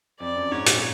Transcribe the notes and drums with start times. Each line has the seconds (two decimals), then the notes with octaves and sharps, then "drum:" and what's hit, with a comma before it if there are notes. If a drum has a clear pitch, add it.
0.20 F2 D5
0.35 F#2
0.51 G#2 C#5
0.66 A#2, drum: hi-hat